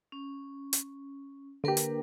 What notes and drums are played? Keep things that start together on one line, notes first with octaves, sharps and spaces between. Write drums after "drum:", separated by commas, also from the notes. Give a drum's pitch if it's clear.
C#4
drum: hi-hat
D3 A#3 G4 A#4 B4
drum: hi-hat